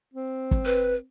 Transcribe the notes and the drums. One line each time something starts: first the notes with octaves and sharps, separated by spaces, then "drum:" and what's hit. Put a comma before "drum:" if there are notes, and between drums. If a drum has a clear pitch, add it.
C4
drum: kick
B4